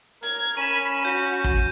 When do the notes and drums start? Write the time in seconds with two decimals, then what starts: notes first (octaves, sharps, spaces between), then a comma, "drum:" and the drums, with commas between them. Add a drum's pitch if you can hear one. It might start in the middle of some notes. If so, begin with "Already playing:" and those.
0.23 A#4 G#6, drum: hi-hat
0.57 C#4 B5 D#7 E7
1.05 F#4 G6
1.44 drum: kick